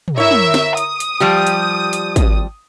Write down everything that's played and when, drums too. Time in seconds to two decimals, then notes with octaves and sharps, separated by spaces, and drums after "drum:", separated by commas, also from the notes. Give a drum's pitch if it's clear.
0.08 drum: tom
0.18 E4 A#4 C#5 E5
0.31 drum: tom
0.54 drum: snare
0.77 D#6, drum: hi-hat
1.00 drum: hi-hat
1.20 F3 G3 G4
1.47 drum: hi-hat
1.93 drum: hi-hat
2.16 drum: kick, hi-hat